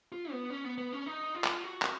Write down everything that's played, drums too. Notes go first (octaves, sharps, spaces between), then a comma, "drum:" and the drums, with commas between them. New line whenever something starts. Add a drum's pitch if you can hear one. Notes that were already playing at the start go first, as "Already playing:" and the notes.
F4
B3
C#4
B3
B3
C#4
D#4
F4
drum: clap
F#4
drum: clap